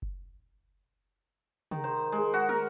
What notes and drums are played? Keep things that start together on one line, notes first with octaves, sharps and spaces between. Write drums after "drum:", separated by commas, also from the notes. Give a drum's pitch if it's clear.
drum: kick F#1
D#3, drum: tom
C5
G#3
F#4
A#4, drum: tom